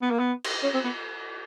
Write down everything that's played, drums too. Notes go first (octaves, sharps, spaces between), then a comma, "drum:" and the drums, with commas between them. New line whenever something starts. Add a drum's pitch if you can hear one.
B3
A#3
B3
drum: cymbal
C#4
C4
B3